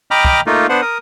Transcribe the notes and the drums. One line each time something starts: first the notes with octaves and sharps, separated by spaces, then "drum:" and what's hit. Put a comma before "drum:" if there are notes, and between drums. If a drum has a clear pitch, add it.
D#5 G5 A#5 B5 D6 F6
drum: kick
A3 A#3 D#4 F4
B3 D4 C5 F#5
A#4 D#6